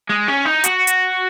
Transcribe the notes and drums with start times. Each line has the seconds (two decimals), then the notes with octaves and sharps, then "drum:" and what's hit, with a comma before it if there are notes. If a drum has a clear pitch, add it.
0.09 G#3
0.28 C#4
0.45 D#4
0.64 F#4, drum: hi-hat
0.87 drum: hi-hat